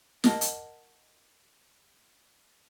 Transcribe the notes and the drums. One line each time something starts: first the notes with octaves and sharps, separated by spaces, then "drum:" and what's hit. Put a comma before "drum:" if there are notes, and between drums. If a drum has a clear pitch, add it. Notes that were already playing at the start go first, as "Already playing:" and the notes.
A#4 D#5 F#5 A5, drum: snare
drum: hi-hat